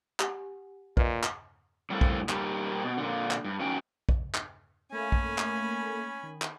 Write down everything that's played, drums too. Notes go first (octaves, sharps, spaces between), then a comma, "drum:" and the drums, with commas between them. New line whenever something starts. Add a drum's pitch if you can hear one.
G4 F#5 G#5, drum: clap
A#2 B4 D#5, drum: kick
drum: clap
A2 G3 A#3 C4 A4
drum: kick
G3 A#3 G4, drum: clap
B2
A#2 D3
drum: clap
G2
D#3 C#4 F#4 G5
drum: kick
drum: clap
A3 A#3 C#4 G#5 B5
drum: kick
drum: clap
D#3
drum: clap